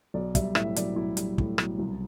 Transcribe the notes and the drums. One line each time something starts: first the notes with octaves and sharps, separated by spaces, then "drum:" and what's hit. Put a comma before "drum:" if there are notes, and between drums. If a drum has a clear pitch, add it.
B1 D5
G3 E5, drum: kick, hi-hat
A2 E5, drum: rim click
B1 D5, drum: hi-hat
B1 E4
G3, drum: hi-hat
A2, drum: kick
B1, drum: rim click
C2